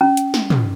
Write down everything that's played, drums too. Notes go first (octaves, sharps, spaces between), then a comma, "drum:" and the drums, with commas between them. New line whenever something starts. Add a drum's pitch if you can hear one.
C#4
drum: hi-hat
drum: snare
drum: tom